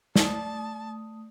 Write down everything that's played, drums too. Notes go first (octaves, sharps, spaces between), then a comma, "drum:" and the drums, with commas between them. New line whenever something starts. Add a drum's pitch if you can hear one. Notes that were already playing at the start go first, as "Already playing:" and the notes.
A3 D5 A5 D#6, drum: snare